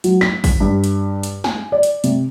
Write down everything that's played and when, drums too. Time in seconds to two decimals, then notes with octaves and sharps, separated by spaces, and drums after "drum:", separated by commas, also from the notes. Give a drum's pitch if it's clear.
0.04 F#3, drum: hi-hat
0.21 B6, drum: snare
0.44 drum: kick, open hi-hat
0.60 G2
0.84 drum: hi-hat
1.23 drum: hi-hat
1.44 G#5, drum: snare
1.72 D5
1.83 drum: hi-hat
2.04 C3, drum: hi-hat